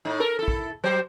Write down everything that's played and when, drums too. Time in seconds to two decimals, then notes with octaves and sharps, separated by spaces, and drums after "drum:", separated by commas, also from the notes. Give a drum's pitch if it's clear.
0.05 A2 D#4
0.20 A4 A#4
0.39 E4 A4
0.48 drum: kick
0.84 F#3 C5